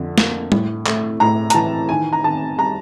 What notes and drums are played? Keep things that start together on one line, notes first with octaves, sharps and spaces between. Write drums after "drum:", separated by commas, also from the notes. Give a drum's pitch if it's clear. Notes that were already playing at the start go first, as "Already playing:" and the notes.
Already playing: F2 D3
A#3, drum: snare
A2, drum: tom
A3, drum: clap
A2 A#5
A#5, drum: hi-hat
E3 A5
D#3 G#5
A#5
D#3 A5
G3 A#5